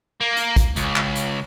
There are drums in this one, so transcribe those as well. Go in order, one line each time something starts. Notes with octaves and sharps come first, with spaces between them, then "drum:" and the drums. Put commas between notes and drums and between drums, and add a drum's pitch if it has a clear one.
A#3
drum: hi-hat
drum: kick, hi-hat
C#2, drum: hi-hat
drum: clap
drum: hi-hat